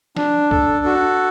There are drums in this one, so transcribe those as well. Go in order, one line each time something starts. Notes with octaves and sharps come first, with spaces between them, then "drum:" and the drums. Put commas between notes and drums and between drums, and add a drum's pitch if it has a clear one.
D4, drum: snare
A4, drum: kick
F#4